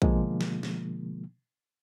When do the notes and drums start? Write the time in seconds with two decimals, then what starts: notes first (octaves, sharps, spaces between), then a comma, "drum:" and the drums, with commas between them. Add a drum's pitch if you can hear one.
0.02 B2 D3 F3 G#3 A#3, drum: kick A#1
0.41 drum: snare
0.63 drum: snare